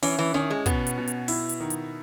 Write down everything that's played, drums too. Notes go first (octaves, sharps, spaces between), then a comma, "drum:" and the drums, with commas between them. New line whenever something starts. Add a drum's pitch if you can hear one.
E3 C#4, drum: open hi-hat
E3
D#3 C#4
G#3
B2 B3, drum: kick, hi-hat
drum: hi-hat
B2
drum: hi-hat
E4, drum: open hi-hat
drum: hi-hat
D#3
drum: hi-hat